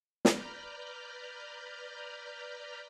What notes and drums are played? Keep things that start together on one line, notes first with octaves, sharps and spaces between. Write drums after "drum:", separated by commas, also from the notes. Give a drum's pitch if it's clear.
B4 D5 A#5 B5 F6 G6, drum: snare